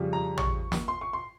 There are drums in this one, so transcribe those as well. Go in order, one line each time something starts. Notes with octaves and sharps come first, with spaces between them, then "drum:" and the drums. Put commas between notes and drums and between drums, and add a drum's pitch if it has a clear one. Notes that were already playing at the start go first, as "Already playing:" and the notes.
Already playing: F2 C#3 G3
A#5
C#6, drum: tom
drum: snare
C6
C#6
C6